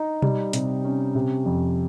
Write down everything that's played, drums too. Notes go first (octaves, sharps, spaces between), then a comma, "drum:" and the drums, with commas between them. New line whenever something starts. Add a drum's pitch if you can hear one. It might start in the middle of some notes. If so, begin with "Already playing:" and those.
Already playing: D#4
G3, drum: tom B2
C3, drum: hi-hat
C#4
C3
F2